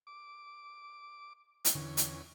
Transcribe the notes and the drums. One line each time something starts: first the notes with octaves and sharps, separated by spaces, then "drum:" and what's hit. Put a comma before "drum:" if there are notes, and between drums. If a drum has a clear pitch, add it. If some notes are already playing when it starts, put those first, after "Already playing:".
D6
drum: hi-hat
E2 D3 E3 C#4
drum: hi-hat